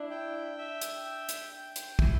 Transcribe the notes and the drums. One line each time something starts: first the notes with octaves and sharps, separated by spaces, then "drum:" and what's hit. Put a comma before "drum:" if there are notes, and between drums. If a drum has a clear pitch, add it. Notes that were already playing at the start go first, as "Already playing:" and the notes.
Already playing: D4 E4
G5
E5
drum: hi-hat
G5
drum: hi-hat
G5
drum: hi-hat
E4, drum: kick